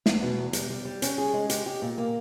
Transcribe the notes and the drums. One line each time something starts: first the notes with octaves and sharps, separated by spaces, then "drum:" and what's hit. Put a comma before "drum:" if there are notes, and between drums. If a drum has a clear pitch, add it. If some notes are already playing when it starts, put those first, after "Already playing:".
E2, drum: snare
B2
E2
G3, drum: hi-hat
G3
G3
C#4, drum: hi-hat
G#4
G#3
G4, drum: hi-hat
G4
A#2
A#3